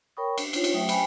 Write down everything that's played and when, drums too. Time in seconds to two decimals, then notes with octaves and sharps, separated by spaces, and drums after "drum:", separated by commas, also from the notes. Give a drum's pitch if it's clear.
0.17 A#4 C#5 G5 B5 C#6 D#6
0.38 D4, drum: cymbal
0.53 D4 D#4 F4 C#5, drum: cymbal
0.64 drum: cymbal
0.73 F#3 A3 E5 G5 D#6
0.89 G5 G#5 B5, drum: cymbal